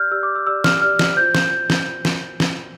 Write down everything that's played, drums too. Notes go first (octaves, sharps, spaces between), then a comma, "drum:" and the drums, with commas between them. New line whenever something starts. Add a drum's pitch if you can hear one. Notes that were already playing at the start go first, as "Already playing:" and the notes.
Already playing: G4 D5 F6 G6
G4 D5 E6
D6
E6
G4 D5 E6
F6, drum: snare
G4 D5 F6
drum: snare
F4 C5 G6
drum: snare
drum: snare
drum: snare
drum: snare